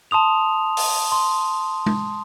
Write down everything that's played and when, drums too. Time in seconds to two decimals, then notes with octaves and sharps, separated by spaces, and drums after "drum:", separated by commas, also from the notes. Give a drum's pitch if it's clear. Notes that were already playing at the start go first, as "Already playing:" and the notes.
0.11 A5 C6 D#6 F7
0.77 drum: open hi-hat
1.12 C6
1.86 drum: tom G#3